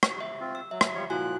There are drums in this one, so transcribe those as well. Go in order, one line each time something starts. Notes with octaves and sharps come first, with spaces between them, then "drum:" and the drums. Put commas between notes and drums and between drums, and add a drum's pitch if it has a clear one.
drum: rim click
E5
C4 F4
E6
F#3 E5
drum: rim click
F3 G3 C#5
A#2 F3 E4 F#4 G#5 F#6